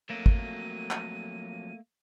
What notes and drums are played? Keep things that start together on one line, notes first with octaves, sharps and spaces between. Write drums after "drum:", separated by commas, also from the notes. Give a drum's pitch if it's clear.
F2 F#3 A3 A#3 D#7
drum: kick
drum: clap